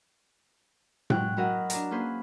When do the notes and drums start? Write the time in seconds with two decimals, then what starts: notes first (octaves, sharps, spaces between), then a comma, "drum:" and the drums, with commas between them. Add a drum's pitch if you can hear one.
1.10 F#3 G#3 G5 F#6, drum: tom A2
1.37 F#3 E4 F#4 A#4 D#5 F#5
1.70 D4 A#5, drum: hi-hat
1.91 A#3 C#4 G#4 B4 C5